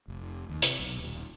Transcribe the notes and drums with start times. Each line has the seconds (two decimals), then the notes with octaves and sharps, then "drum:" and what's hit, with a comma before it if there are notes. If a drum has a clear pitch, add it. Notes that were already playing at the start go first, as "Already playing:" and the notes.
0.08 F1
0.49 D#2
0.62 C3, drum: hi-hat
0.80 B1
0.97 D#1